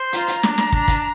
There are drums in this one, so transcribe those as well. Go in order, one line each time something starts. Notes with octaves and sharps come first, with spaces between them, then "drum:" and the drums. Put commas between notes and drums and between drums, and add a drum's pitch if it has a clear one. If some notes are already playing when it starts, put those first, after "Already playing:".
Already playing: C5
F4 A#5, drum: hi-hat
drum: hi-hat
D4, drum: snare
drum: snare
D4, drum: kick
drum: kick, hi-hat